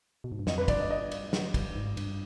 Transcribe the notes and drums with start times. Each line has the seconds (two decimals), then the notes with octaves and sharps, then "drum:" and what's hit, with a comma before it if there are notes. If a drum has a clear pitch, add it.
0.24 B2
0.32 G#2
0.39 G2
0.47 F2 D#5, drum: snare
0.58 B4
0.68 G2 D5, drum: kick, cymbal
0.80 D#5
0.91 D#5
1.11 drum: cymbal
1.33 drum: snare
1.54 drum: kick, cymbal
1.75 G#2
1.97 G2, drum: cymbal